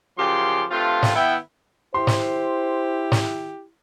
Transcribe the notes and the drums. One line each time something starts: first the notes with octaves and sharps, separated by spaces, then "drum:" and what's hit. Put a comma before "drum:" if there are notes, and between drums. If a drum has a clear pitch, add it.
F#2 C#3 F3 G4 G5 C6
G2 A3 C4 F4
drum: snare
B3 E4 G5
E4 G4 C5 C6
drum: snare
drum: snare